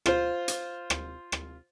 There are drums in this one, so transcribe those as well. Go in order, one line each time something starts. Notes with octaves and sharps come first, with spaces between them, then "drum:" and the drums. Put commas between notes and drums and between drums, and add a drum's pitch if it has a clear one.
F4 C5, drum: rim click
drum: hi-hat
drum: rim click
drum: rim click